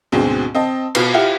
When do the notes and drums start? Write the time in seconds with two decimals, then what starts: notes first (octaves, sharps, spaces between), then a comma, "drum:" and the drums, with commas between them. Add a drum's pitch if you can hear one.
0.12 D2 G#2 B2 G#3 C4
0.55 C4 D#5 A5
0.95 B2 F4 B4 C7, drum: cymbal
1.14 E4 F4 G4 F#5